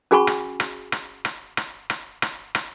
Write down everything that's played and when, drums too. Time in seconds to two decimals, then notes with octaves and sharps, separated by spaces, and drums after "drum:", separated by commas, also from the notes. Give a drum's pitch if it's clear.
0.11 C#4 F#4 G#4 G#5 B5 C#6
0.27 drum: rim click
0.60 drum: rim click
0.92 drum: rim click
1.25 drum: rim click
1.57 drum: rim click
1.90 drum: rim click
2.22 drum: rim click
2.55 drum: rim click